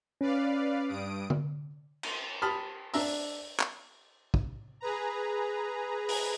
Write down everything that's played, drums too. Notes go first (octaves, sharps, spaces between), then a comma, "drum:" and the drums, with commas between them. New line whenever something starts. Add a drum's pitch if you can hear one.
C#4 B4 D5 F5
G2 D#6 D7
drum: tom D3
drum: cymbal
G4 A5 B5 D#6 F6
D4 E5 A#5 E6, drum: open hi-hat
drum: clap
drum: kick
G#4 B4 A#5
drum: open hi-hat